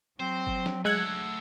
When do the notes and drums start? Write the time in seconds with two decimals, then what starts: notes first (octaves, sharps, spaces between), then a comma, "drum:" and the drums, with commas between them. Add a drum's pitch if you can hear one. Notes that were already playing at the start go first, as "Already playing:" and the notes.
0.20 F#3 C4 C5
0.47 drum: kick F#1
0.66 drum: snare
0.85 G#3 A3 F#5 E6 F#6 G#6